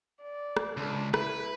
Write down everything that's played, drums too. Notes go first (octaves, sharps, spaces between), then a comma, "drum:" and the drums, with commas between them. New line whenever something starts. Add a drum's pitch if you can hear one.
D5
drum: rim click
C#2 D4
E4 B4, drum: rim click